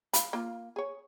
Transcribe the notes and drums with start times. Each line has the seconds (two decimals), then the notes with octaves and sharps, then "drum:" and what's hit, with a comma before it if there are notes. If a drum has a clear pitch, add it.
0.13 F5 B5, drum: hi-hat
0.33 A#3 F4
0.76 G#4 C#5